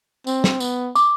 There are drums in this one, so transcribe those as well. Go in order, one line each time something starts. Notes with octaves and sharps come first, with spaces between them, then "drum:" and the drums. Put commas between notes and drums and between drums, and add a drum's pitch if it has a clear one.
C4, drum: tambourine
drum: snare
B3, drum: tambourine
D6, drum: tambourine